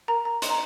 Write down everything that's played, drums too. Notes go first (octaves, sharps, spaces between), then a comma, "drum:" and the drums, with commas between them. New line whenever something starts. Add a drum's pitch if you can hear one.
A#4 A#5
A#5
D#5 C6, drum: hi-hat
A#5